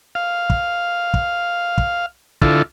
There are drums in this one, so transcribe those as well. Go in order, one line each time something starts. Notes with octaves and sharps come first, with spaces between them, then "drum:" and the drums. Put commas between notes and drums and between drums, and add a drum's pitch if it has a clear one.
F5
drum: kick
drum: kick
drum: kick
D3 E4 F4 A4, drum: kick